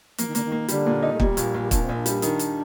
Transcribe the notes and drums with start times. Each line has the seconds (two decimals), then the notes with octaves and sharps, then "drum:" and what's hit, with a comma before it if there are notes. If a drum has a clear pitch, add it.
0.18 F3 A#3, drum: hi-hat
0.27 D#3
0.35 D3 A#3, drum: hi-hat
0.44 D#3
0.52 A#3
0.68 D3 G3, drum: hi-hat
0.86 A#2
1.03 D#4
1.13 A3
1.20 A#2 G3, drum: kick
1.37 A#1, drum: hi-hat
1.54 A#1
1.71 A#1 D4, drum: kick, hi-hat
1.82 C4
1.89 A#1
1.95 D4
2.06 G3, drum: hi-hat
2.22 D#3 D4, drum: hi-hat
2.39 drum: hi-hat